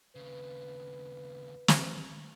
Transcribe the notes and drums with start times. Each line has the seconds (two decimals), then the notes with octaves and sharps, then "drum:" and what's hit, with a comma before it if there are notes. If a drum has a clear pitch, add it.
0.15 D#2 C#3 B4
1.68 drum: snare